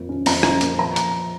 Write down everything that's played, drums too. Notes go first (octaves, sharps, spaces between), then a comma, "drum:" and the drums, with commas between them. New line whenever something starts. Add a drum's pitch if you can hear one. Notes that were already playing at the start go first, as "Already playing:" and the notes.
Already playing: F2 A#3
C#4
F2 A#5, drum: open hi-hat
C#4, drum: rim click
A#3, drum: hi-hat
F3 A#5
drum: hi-hat